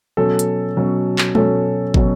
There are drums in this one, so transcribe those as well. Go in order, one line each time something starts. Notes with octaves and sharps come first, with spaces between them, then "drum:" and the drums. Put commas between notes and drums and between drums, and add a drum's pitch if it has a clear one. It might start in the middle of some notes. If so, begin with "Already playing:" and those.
B2 F#3 C#4 A4
drum: hi-hat
B2 F#3 C#4
drum: clap
B2 F#3 C#4 A4, drum: tom
B2 F#3 C#4, drum: kick